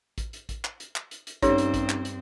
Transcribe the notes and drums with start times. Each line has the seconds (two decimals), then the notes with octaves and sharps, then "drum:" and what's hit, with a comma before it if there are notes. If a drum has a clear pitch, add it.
0.18 drum: kick A1, hi-hat
0.33 drum: hi-hat
0.49 drum: kick A1, hi-hat
0.64 drum: clap
0.80 drum: hi-hat
0.96 drum: clap
1.11 drum: hi-hat
1.27 drum: hi-hat
1.43 G2 C4 C#4 D#4 G4 C#5, drum: kick A1, hi-hat
1.58 drum: hi-hat
1.74 drum: kick A1, hi-hat
1.89 drum: clap
2.05 drum: hi-hat